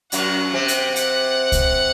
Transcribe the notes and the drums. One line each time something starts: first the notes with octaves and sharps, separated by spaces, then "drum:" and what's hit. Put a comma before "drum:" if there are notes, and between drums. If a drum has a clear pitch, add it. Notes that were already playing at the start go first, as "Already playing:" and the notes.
F#2 F#3 F#5, drum: hi-hat
C3 C4 F#5
drum: hi-hat
F#5, drum: hi-hat
drum: kick C2, hi-hat